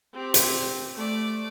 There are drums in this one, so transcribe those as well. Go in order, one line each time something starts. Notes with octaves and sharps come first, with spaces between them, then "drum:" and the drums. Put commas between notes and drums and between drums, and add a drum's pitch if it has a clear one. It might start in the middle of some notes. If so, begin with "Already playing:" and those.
C4 G4
drum: hi-hat
A3 D5